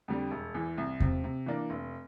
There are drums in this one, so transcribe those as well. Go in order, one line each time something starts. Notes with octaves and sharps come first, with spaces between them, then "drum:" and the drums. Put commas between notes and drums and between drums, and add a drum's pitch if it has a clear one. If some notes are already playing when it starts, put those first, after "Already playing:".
F2 D3 G3
E1
E2 E3
C2
C3 F3, drum: kick E2
C3
E3 A#3 D4
F1